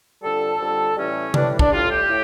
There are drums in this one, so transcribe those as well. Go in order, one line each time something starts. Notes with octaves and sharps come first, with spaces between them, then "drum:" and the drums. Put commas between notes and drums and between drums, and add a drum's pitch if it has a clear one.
F2 D3 G3 A4
F2 D3 G3
A2 E3 G3 C#4
A2 E3 G3 D4, drum: tom C3
D4, drum: kick
A2 G3 F4
G4
A2